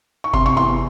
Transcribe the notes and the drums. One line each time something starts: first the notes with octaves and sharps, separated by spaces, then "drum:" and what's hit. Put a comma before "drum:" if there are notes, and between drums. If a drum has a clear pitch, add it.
C#6
C3 C6, drum: kick G1
C#6
E2 C6